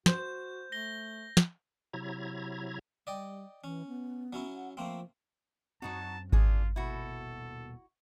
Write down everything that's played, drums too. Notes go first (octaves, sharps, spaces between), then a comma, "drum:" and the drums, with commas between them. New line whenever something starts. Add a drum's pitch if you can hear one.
F#4 C5 G6, drum: snare
A3 A#6 G7
drum: snare
C3 F#3 E4 A#5 G#6
G3 D5 D#5 G5
E3 C#4
B3
F#3 C#4 E4
F#5
F3 A3 A#3 C4
F#2 F#3 C4 D#4 F#4 A5
D4 F4 G#4, drum: kick G#1
D#1 B2 E4 F#4 A4